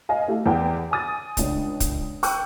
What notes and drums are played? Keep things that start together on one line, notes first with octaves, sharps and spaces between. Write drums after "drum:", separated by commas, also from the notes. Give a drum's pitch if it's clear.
D#5 F5 G#5
A3 E4 G4
E2 E3 F#5 G5
G#5 D#6 A6
C#2 D4 C#5, drum: kick, hi-hat
drum: kick, hi-hat
G5 C#6 E6 F#6 G6, drum: open hi-hat